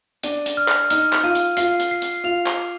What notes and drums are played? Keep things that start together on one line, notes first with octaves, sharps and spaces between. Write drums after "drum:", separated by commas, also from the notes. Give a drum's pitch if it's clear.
D4 D#7, drum: hi-hat
drum: hi-hat
F6
drum: clap
D#4 F6, drum: hi-hat
drum: clap
F4 D#7
drum: hi-hat
F4 C7, drum: hi-hat
drum: hi-hat
C7
drum: hi-hat
F4 F7
drum: clap
D6